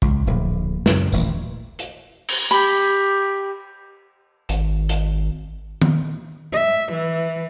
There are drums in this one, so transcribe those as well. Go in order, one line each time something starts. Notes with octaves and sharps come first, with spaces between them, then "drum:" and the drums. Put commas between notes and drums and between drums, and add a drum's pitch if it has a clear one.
C#2, drum: kick
D1 A#1 A2
F#2 C#3, drum: snare
D#1 A1 A#2, drum: tambourine
drum: hi-hat
drum: cymbal
G4 B5
G#1, drum: hi-hat
drum: hi-hat
drum: tom
E5
E3